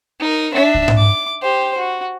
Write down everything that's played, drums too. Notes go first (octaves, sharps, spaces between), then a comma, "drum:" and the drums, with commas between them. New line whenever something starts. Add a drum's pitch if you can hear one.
D#4 A#4
D4 E5
drum: kick C2
drum: tom G#2
D6
G4 C5
F#4